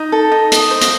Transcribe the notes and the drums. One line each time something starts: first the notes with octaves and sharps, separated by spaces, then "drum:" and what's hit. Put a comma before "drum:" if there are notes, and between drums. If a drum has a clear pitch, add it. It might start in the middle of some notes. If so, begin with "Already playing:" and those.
Already playing: D#4
A4
D#4
D#5, drum: hi-hat
C5
drum: hi-hat